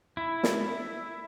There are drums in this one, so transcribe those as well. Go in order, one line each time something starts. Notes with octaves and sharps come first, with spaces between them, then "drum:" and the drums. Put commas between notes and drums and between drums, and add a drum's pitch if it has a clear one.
E4
drum: snare